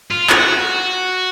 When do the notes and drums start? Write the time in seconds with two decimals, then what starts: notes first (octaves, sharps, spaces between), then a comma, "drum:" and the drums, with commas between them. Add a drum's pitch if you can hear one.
0.11 F4
0.30 F#4, drum: clap